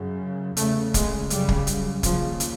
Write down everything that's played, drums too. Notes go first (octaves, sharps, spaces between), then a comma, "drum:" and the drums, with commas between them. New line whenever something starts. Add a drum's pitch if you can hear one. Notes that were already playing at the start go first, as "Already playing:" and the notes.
Already playing: F#2 C#3
E2 C#3 A3, drum: hi-hat
G#3, drum: kick, hi-hat
F#2 C#3 G3, drum: hi-hat
drum: kick
drum: hi-hat
D#2 C#3 F3, drum: kick, hi-hat
drum: hi-hat